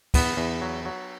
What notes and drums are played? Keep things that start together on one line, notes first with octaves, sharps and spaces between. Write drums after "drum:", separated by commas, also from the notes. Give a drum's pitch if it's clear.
E2 B3, drum: kick, cymbal
E2
F#3
F#3